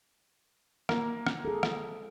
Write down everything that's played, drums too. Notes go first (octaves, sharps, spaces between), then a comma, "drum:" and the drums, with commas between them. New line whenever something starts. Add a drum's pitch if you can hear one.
A#3, drum: rim click
drum: rim click
G#4 A4
drum: rim click